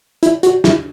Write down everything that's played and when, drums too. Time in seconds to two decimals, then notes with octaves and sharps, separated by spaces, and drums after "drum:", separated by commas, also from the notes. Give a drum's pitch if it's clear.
0.23 E4, drum: hi-hat
0.43 F#4, drum: hi-hat
0.64 E4, drum: snare